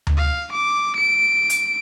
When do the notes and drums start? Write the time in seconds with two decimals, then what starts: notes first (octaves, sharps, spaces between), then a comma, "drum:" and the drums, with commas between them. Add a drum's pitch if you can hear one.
0.07 drum: tom D2
0.17 F5
0.52 D6
0.96 D7
1.50 drum: hi-hat